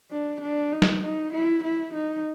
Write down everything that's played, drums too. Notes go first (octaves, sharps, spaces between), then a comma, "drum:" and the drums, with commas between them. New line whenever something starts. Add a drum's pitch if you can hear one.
D4
D4
D#4
drum: snare
D#4
E4
E4
D#4